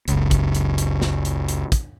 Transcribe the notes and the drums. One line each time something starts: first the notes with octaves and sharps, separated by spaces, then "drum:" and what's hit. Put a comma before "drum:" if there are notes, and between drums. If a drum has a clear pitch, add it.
F#1 C#2, drum: hi-hat
drum: kick, hi-hat
drum: hi-hat
drum: hi-hat
drum: snare
drum: hi-hat
drum: hi-hat
drum: kick, hi-hat